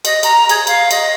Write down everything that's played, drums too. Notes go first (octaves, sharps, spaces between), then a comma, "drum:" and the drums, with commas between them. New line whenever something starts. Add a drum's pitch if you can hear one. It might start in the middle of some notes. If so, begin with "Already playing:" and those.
D#5, drum: cymbal
A#5, drum: cymbal
G#4, drum: cymbal
F5, drum: cymbal
D#5, drum: cymbal